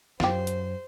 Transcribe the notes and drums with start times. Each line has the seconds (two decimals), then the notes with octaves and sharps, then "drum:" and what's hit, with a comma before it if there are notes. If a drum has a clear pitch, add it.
0.20 F#2 F4 G4 C5, drum: snare
0.47 drum: hi-hat